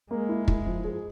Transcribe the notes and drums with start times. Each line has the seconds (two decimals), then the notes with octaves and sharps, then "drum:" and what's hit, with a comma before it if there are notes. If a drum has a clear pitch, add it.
0.10 G#3 A#3
0.29 E4
0.48 E4, drum: kick
0.66 F3
0.84 G#4